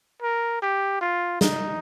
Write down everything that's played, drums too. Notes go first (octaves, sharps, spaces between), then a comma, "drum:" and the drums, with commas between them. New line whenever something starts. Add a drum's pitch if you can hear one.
A#4
G4
F4
D#4, drum: snare